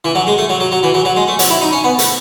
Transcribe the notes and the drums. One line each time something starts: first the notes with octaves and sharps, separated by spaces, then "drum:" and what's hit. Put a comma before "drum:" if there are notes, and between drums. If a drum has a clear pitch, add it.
E3
F#3
G#3
A3
F#3
F#3
F#3
E3
F#3
F#3
G#3
A3
F#3, drum: hi-hat
E4
D#4
C#4
B3
A3, drum: hi-hat